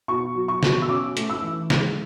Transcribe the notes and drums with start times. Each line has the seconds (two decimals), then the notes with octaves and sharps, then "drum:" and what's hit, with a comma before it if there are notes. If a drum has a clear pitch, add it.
0.08 B2 C#6
0.35 F#3
0.48 C#6
0.63 B2, drum: snare
0.82 E6
0.89 C#4 D6
1.17 A3, drum: hi-hat
1.30 E6
1.42 E3
1.70 G#3, drum: snare